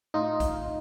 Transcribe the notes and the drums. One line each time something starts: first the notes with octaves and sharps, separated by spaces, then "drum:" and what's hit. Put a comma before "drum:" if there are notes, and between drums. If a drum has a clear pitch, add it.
A2 D#4 F4
drum: kick A#1, hi-hat